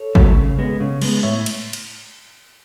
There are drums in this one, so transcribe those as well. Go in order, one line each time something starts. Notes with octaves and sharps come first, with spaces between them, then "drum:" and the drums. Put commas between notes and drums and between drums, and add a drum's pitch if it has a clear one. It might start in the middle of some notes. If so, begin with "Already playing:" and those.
Already playing: A4 C#5
C#3 F#3 A3, drum: kick G#1
C#3
G#3 B3
C#3
G#3 B3, drum: cymbal
A2 C#5 E5
drum: cymbal
drum: cymbal